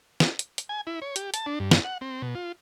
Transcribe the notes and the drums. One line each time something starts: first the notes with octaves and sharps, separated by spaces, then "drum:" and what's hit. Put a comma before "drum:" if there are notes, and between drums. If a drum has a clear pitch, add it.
drum: snare
drum: hi-hat
drum: hi-hat
G#5
E4
C#5
G4, drum: hi-hat
A5, drum: hi-hat
D4
G2
drum: snare
F#5
C4
B2
F4